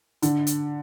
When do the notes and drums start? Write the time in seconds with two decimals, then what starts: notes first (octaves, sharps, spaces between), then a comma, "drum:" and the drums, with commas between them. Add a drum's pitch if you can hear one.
0.22 D3, drum: hi-hat
0.47 drum: hi-hat